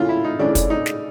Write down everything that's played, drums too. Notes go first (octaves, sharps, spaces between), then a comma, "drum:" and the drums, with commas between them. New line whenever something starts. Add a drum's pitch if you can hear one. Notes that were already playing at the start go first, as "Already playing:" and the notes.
Already playing: C#3 E3 A3 C#4 F4
E4
D#4
C#3 E3 A3 C#4 D4
drum: kick, hi-hat
D#4
drum: snare